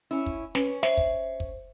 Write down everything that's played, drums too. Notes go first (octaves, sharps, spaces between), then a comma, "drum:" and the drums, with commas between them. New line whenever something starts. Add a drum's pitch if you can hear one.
C#4 E4
drum: kick
C#4 B4, drum: snare
C5 E5, drum: snare
drum: kick
drum: kick